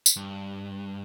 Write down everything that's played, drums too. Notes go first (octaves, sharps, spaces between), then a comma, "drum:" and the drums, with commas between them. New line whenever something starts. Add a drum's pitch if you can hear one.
drum: tambourine
G2